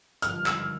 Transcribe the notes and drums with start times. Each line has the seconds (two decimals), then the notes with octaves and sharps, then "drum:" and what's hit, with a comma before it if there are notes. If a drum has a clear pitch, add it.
0.22 G#1 G2 D3 F3 F6, drum: hi-hat
0.46 E6, drum: clap